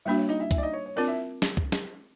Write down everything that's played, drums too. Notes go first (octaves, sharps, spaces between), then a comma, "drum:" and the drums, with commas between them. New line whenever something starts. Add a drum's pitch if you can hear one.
G3 A#3 D4 E4 F#4 E5
C#5
D#4 D#5
E4 E5
E4 E5, drum: kick C2, hi-hat
D5
D#4 D#5
C#5
C#5
C4 D4 F4 A#4 D5
E4 E5
drum: snare
drum: kick C2
drum: snare